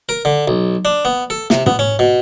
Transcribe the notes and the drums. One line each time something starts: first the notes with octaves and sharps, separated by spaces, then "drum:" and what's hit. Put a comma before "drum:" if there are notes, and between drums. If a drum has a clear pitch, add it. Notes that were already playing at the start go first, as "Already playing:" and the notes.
A#4
D3
B1
D4
B3
A4
C3, drum: snare
B3, drum: tom
C#4
B2